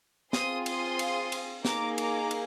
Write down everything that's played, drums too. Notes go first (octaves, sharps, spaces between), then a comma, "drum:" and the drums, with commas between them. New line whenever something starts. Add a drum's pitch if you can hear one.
C4 F4 G#4 C6 D#6, drum: snare
C6 D#6, drum: cymbal
drum: cymbal
drum: cymbal
A#3 D#4 G#4 A#5 D6, drum: snare
A#5 D6, drum: cymbal
drum: cymbal